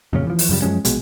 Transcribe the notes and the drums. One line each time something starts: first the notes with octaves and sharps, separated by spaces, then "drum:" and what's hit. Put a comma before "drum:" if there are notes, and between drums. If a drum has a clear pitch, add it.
F2 A#2 C#3 C#4
E3 F3
drum: open hi-hat
F#2 C#3 F3 G3
F#2 F3 G#3 C#4
A#1 B2 G#3, drum: hi-hat